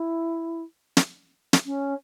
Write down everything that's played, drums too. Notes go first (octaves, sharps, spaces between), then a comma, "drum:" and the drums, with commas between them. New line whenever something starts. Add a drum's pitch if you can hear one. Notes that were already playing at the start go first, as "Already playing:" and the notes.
Already playing: E4
drum: snare
drum: snare
C#4